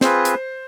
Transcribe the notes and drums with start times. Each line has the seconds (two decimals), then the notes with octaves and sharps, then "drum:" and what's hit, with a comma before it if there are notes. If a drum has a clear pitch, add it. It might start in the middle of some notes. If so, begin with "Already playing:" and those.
0.01 C4 F4 G#4 B4 C5, drum: snare
0.25 drum: hi-hat